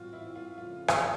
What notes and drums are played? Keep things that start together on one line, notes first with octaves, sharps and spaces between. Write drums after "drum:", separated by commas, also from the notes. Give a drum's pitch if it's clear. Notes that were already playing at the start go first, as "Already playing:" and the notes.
Already playing: A2 E3 G3 C4 F4 F#4
E4
F4
C#3 F3 A3 C#4 F4
drum: rim click